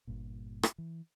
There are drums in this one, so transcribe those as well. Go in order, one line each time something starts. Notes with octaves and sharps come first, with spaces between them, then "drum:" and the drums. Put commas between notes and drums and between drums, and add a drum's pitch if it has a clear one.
G1 G2 A#2
drum: rim click
E3